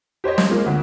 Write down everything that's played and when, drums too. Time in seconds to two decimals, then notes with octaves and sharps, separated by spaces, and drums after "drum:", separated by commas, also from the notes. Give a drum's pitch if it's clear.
0.24 G4 C5 C#5 D#5
0.38 drum: snare
0.50 G#3 A#3 F4
0.66 D2